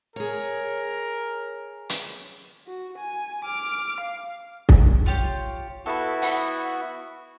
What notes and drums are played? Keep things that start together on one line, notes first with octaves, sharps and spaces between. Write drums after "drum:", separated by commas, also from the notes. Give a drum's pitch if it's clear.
G#4 A#4 C#5
drum: hi-hat
F#4
G#5
D6 F6
F5
drum: kick
F4 G4 C#5
B3 E4 F#4 A4 B5
F#5 B5, drum: open hi-hat